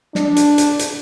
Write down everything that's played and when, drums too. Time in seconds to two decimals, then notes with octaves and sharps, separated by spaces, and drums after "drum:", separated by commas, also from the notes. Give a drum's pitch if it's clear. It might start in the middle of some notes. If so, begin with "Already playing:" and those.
0.15 D4, drum: snare
0.36 drum: hi-hat
0.58 drum: hi-hat
0.79 drum: hi-hat